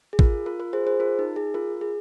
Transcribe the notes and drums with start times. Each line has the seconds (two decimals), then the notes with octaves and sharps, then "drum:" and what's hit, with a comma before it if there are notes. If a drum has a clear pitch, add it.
0.13 G#4
0.19 F4 A#4, drum: kick
0.46 F4 A#4
0.60 F4 A#4
0.73 G#4 C5
0.87 G#4 C5
1.00 F4 A#4
1.19 D#4
1.36 G#4
1.54 F4 A#4
1.81 G#4